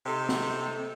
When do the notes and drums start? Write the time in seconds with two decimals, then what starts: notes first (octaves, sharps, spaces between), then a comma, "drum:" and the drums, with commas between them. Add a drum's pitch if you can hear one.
0.06 C3 A3 D#4 A4
0.29 drum: snare